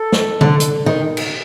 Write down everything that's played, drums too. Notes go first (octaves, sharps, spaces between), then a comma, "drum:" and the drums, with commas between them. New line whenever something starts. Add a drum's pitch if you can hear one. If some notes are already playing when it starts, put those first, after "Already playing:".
Already playing: A4
drum: snare
D3, drum: tom C3
drum: hi-hat
D#3
drum: cymbal